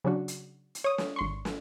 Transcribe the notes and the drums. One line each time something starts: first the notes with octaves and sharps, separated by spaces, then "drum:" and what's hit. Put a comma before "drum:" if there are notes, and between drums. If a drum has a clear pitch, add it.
C#3 F#3 D4 F#4
drum: hi-hat
drum: hi-hat
C#5 D#6
drum: snare
G#1 C6 C#6
drum: snare